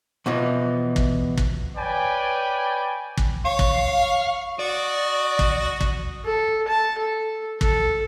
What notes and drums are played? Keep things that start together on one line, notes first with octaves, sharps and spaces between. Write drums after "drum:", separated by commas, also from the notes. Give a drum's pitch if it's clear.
E2 B2 E3 F3
drum: kick
drum: kick
B4 C#5 D5 G5 G#5 B5
drum: kick
C#5 F5
drum: kick
F#4 D5 D#5
drum: kick
drum: kick
A4
A5
A4
A4, drum: kick